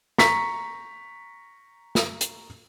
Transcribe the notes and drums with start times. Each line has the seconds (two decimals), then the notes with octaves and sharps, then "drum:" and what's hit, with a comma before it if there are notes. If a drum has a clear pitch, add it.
0.18 A#5 C#6 B6, drum: snare
1.95 drum: snare
2.21 drum: hi-hat